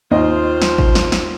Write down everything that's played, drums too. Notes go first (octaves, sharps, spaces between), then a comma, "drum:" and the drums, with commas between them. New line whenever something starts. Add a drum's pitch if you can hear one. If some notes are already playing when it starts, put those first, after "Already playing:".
D#2 F4 C5 D#5
drum: snare
drum: kick G#1
drum: snare
drum: snare